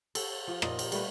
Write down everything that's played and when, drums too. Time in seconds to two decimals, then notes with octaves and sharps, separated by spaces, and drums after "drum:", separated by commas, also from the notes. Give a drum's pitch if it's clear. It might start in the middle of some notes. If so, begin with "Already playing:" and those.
0.15 A4, drum: cymbal
0.48 F3
0.62 A#2 D#5, drum: rim click
0.79 drum: cymbal
0.92 G3 A3 B4, drum: cymbal